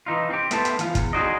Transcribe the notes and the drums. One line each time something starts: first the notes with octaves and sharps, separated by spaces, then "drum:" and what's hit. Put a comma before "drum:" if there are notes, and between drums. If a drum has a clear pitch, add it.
E3 D#4 F4
C4 G4
A3 B3 E4 G4 C5 A5, drum: hi-hat
drum: hi-hat
E3 F4, drum: hi-hat
E2, drum: kick, hi-hat
D#4 F#4 G#4 C5 D5 D#5